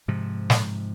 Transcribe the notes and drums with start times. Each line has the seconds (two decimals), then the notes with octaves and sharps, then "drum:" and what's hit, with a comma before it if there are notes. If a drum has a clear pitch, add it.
0.08 G#2 C3 F3
0.50 drum: snare